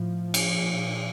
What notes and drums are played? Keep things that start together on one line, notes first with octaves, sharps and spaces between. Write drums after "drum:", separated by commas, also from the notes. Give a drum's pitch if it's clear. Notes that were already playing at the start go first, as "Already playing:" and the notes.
Already playing: A2 F3
drum: cymbal
A#2